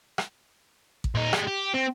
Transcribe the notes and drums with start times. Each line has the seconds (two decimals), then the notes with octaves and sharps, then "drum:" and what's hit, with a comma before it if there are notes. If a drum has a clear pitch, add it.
0.18 drum: rim click
1.04 drum: kick A1
1.15 A#2 D#4
1.33 G3 G#3, drum: rim click
1.47 G4
1.74 C4